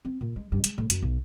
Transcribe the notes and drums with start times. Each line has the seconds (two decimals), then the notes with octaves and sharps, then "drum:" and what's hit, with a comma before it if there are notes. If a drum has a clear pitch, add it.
0.05 C4
0.21 A#2
0.36 G#3
0.52 G2
0.64 G#3, drum: hi-hat
0.78 A2
0.90 F#2, drum: hi-hat
1.02 B1